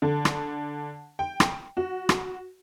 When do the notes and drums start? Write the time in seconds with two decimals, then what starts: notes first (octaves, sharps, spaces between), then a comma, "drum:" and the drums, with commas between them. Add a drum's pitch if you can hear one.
0.02 D3
0.25 drum: rim click
1.19 G5
1.40 drum: rim click
1.77 F#4
2.09 drum: rim click